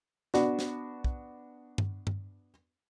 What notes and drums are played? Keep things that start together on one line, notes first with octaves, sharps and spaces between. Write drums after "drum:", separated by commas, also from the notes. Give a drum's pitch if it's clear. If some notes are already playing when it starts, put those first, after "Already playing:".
B3 D4 F#4, drum: snare
drum: snare
drum: kick
drum: tom G2
drum: tom G2